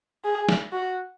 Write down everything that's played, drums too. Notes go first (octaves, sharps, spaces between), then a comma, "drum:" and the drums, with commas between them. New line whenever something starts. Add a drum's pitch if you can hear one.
G#4
drum: snare
F#4